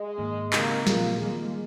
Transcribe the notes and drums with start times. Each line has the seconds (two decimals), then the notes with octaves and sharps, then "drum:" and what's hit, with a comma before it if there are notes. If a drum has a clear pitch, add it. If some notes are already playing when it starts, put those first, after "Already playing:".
Already playing: G#3
0.18 G#2 D#3 A#3
0.53 C#3 G#3 A#3 C4 D#4 G4, drum: clap
0.87 A#2 F3 A#3 C4 F4 G#4, drum: snare
1.21 D#3 G3 G#3 A#3